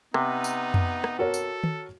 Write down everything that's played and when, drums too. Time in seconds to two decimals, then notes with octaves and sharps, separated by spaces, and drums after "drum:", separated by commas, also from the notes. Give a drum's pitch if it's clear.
0.14 C3 B3 D#4, drum: rim click
0.44 drum: tambourine
0.74 drum: tom F2
1.04 drum: rim click
1.19 F#4 A4 A#4 C#5
1.34 drum: tambourine
1.64 drum: tom D#3